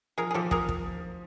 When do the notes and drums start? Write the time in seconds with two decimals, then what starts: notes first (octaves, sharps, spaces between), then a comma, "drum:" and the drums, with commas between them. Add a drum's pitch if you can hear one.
0.18 F3 G#4 A#4
0.31 G#4
0.34 F3 G4 A4
0.51 G#4 A#4, drum: kick
0.69 drum: kick